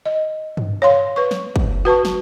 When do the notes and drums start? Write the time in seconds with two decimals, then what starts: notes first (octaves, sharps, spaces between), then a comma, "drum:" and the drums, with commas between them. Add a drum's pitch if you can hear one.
0.06 D#5
0.57 drum: tom G2
0.82 C#5 F5 C6
1.16 B4 C#6
1.31 drum: snare
1.56 drum: kick
1.85 F#4 B4 A5 C#6
2.05 drum: snare